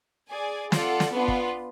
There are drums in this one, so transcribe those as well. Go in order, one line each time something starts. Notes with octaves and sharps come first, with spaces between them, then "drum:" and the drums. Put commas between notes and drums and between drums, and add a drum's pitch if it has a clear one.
G#4 D5 G#5
F4 A4 D5 F#5, drum: snare
drum: snare
B3 D4 F4 B4
drum: kick